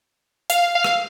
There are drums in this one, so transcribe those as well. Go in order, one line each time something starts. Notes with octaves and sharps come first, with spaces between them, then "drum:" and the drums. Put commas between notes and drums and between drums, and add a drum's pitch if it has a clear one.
F5, drum: hi-hat
F5
drum: rim click